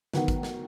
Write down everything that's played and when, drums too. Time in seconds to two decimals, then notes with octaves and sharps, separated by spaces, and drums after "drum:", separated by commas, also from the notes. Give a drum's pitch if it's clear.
0.13 D#3 F#3 B3 F#4 A#4, drum: snare
0.28 drum: kick G#1, hi-hat
0.43 drum: snare